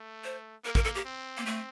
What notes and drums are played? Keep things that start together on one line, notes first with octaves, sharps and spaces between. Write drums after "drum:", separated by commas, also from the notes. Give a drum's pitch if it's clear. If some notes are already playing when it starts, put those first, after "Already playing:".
Already playing: A3
C5
A#3 A#4
A#4, drum: kick
A4
G4
C4
A#3
A3